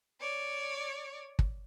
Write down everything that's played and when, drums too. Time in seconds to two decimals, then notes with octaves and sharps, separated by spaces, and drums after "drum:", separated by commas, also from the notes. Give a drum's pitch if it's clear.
0.20 C#5 D5
1.39 drum: kick